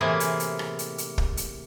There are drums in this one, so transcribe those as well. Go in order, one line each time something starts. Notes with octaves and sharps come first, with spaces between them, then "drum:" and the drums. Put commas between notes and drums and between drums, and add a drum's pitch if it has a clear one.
A2 C3 E3 A#3 E4 G#4
drum: hi-hat
drum: hi-hat
drum: rim click
drum: hi-hat
drum: hi-hat
drum: kick
drum: hi-hat